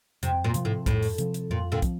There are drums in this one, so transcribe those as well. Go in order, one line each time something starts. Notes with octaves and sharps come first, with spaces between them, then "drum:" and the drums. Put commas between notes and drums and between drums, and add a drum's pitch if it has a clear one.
F2 C3, drum: hi-hat
A#2
C3 F3 C4, drum: hi-hat
A2
F2 A2, drum: kick, hi-hat
drum: open hi-hat
C3 F3 C4, drum: hi-hat
drum: hi-hat
F2 A#2
A#2 D3
F3 C4, drum: kick, hi-hat